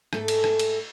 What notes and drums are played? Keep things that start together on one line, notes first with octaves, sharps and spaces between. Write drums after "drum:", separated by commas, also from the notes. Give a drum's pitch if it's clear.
G#2 A3 G#4 A4, drum: rim click
drum: cymbal
drum: rim click
drum: cymbal